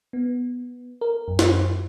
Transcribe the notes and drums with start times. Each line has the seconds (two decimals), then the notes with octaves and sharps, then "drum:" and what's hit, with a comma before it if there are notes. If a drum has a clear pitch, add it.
0.13 B3
1.01 A#4
1.28 F#2
1.39 drum: snare